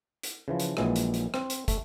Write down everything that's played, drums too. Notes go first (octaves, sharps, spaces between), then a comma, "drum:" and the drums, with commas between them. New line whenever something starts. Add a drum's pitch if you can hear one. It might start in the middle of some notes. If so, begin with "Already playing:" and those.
drum: hi-hat
C#3 E3 F3
drum: hi-hat
A#1 A#2 E3 F#3 G#3, drum: rim click
drum: hi-hat
drum: hi-hat
C4, drum: rim click
drum: hi-hat
A3, drum: kick, hi-hat